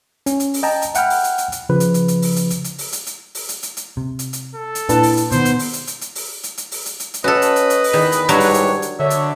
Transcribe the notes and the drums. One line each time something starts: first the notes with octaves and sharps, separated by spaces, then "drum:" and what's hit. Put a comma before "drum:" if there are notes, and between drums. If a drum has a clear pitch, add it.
C#4, drum: hi-hat
drum: hi-hat
drum: open hi-hat
D#5 G5 A5 A#5
drum: hi-hat
E5 F#5 G5 B5 F6, drum: hi-hat
drum: open hi-hat
drum: hi-hat
drum: hi-hat
drum: hi-hat
C#3 F3 B4
drum: hi-hat
drum: hi-hat
drum: hi-hat
drum: open hi-hat
drum: hi-hat
drum: hi-hat
drum: hi-hat
drum: open hi-hat
drum: hi-hat
drum: hi-hat
drum: open hi-hat
drum: hi-hat
drum: hi-hat
drum: hi-hat
C3
drum: hi-hat
drum: hi-hat
A4
drum: hi-hat
A#2 D4 E4 B4 A5, drum: hi-hat
drum: open hi-hat
drum: hi-hat
B2 D#3 B3 C5, drum: hi-hat
drum: hi-hat
drum: open hi-hat
drum: hi-hat
drum: hi-hat
drum: hi-hat
drum: open hi-hat
drum: hi-hat
drum: hi-hat
drum: open hi-hat
drum: hi-hat
drum: hi-hat
drum: hi-hat
C#4 F#4 A4 B4 D#5
drum: hi-hat
drum: hi-hat
drum: hi-hat
drum: open hi-hat
E2 D#3
drum: hi-hat
G#2 E3 F#3 G3 D4 A#4 C#5, drum: hi-hat
drum: open hi-hat
drum: hi-hat
drum: hi-hat
D3 C#5 E5
drum: hi-hat